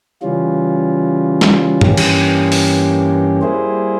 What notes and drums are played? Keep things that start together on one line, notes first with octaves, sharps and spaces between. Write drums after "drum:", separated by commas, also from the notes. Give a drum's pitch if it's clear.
C#3 E3 G3 C#4 F4
drum: snare
G2 E3 A#3 C#4 G4, drum: tom G2
drum: cymbal
drum: open hi-hat
G3 A#3 E4 G#4 C5